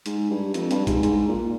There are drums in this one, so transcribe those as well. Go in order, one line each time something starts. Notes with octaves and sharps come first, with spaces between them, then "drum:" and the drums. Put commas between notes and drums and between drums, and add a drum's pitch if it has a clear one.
G#2, drum: hi-hat
G2
F2, drum: hi-hat
G2, drum: hi-hat
G#2, drum: kick, hi-hat
G#2, drum: hi-hat
A#2